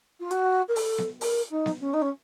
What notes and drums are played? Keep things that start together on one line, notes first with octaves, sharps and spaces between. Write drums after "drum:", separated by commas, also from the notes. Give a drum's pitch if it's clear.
F4
F#4, drum: hi-hat
A#4
A4, drum: open hi-hat
drum: snare B3
A#4, drum: open hi-hat
D#4
drum: snare B3
C#4
D#4
C#4